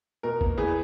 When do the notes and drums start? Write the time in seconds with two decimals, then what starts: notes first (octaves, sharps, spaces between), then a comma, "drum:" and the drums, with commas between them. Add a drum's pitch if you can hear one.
0.23 B2 A#4
0.41 A#3, drum: kick A1
0.57 E2 G#4 B4